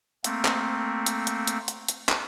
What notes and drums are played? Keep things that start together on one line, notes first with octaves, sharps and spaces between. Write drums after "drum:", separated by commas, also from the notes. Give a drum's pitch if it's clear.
A3 A#3 C4, drum: hi-hat
drum: clap
drum: hi-hat
drum: hi-hat
drum: hi-hat
drum: hi-hat
drum: hi-hat
drum: clap